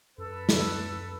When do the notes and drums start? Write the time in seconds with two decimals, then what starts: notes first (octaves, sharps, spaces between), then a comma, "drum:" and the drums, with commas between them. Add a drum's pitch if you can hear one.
0.18 F#2 A4 B4
0.49 drum: snare